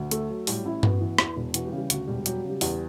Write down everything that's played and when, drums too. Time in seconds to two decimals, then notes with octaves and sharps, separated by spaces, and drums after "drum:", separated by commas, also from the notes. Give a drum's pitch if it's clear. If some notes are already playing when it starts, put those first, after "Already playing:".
Already playing: D2
0.11 A3 A4, drum: hi-hat
0.30 F#3
0.47 A2 G3 G4, drum: open hi-hat
0.65 A1 E4
0.83 B3 F#4, drum: tom G2
1.01 E3
1.18 E2, drum: rim click
1.36 E1
1.54 E3 F#4, drum: hi-hat
1.66 G3 G4
1.72 C#3
1.78 G3 G4
1.90 D2 F#4, drum: hi-hat
2.07 E1 G3 G4
2.26 F#3 G3 G4, drum: hi-hat
2.44 C#3
2.50 G3 G4
2.61 E2 G3 G4, drum: open hi-hat